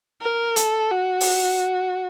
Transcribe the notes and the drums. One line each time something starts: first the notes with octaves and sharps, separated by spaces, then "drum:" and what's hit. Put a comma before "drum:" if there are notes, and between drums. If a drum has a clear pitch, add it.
A#4
A4, drum: hi-hat
F#4
drum: open hi-hat